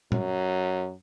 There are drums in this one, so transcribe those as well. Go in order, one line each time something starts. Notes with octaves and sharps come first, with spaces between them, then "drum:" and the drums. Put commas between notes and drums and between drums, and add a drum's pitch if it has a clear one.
F#2, drum: tom